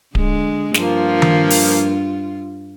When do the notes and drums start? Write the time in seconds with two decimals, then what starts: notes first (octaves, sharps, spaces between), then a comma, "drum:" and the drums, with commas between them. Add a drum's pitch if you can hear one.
0.15 D3 G#3, drum: kick D1
0.74 G2 F3 A#3 F4, drum: snare
1.22 drum: tom D#3
1.50 drum: open hi-hat